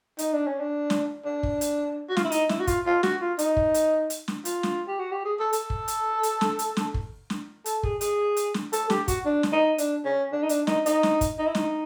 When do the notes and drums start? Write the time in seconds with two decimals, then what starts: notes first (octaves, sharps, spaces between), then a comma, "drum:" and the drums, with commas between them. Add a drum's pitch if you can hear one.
0.19 D#4, drum: hi-hat
0.33 D4
0.47 C#4
0.61 D4
0.90 drum: snare
1.25 D4
1.43 drum: kick
1.61 drum: hi-hat
2.09 F#4
2.17 F4, drum: snare
2.24 E4
2.32 D#4, drum: hi-hat
2.49 E4, drum: snare
2.60 F#4
2.67 F4, drum: kick, hi-hat
2.86 F4
3.03 F#4, drum: snare
3.21 F4
3.39 D#4, drum: hi-hat
3.57 drum: kick
3.74 drum: hi-hat
4.10 drum: hi-hat
4.28 drum: snare
4.45 F4, drum: hi-hat
4.63 drum: snare
4.88 G4
4.99 F#4
5.12 G4
5.25 G#4
5.39 A4
5.53 A4, drum: hi-hat
5.70 drum: kick
5.88 drum: hi-hat
6.23 drum: hi-hat
6.41 drum: snare
6.59 drum: hi-hat
6.77 drum: snare
6.94 drum: kick
7.30 drum: snare
7.66 A4, drum: hi-hat
7.83 G#4, drum: kick
8.01 G#4, drum: hi-hat
8.37 drum: hi-hat
8.54 drum: snare
8.73 A4, drum: hi-hat
8.90 G4, drum: snare
9.08 F#4, drum: kick, hi-hat
9.25 D4
9.43 drum: snare
9.52 D#4
9.78 D4, drum: hi-hat
10.05 C#4
10.32 D4
10.43 D#4
10.49 D4, drum: hi-hat
10.67 D#4, drum: snare
10.86 D#4, drum: hi-hat
11.03 drum: snare
11.21 drum: kick, hi-hat
11.39 D#4
11.47 E4
11.55 D#4, drum: snare